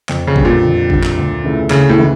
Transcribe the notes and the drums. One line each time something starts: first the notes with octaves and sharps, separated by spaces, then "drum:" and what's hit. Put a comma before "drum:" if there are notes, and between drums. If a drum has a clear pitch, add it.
F2, drum: clap
C#3
D3 G3, drum: kick G#1
A#2
F2
D3 G3, drum: kick G#1
drum: clap
D2
C#3 E3 A3
D2 C#3, drum: clap
A2
C#3 E3